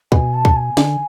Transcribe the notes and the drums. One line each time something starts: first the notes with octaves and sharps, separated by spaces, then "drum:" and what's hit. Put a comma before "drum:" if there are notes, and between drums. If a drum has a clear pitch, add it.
B2 G#5, drum: kick
A5
drum: kick
G#5
D3, drum: snare